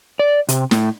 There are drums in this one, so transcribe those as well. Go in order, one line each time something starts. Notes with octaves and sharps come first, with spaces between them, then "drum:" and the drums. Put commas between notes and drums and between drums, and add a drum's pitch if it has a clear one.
D5
C3, drum: hi-hat
A2, drum: snare